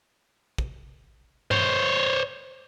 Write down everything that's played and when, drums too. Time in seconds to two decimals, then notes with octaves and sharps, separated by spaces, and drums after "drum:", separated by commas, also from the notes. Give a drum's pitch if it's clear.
0.58 drum: kick
1.51 C5 C#5, drum: tom G2